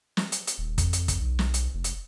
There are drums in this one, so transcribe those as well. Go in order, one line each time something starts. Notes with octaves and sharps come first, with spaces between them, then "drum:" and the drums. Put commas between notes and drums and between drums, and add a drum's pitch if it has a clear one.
drum: snare
drum: hi-hat
drum: hi-hat
D#1
F2, drum: kick, hi-hat
drum: hi-hat
drum: kick, hi-hat
B1
drum: snare
drum: hi-hat
F1
drum: hi-hat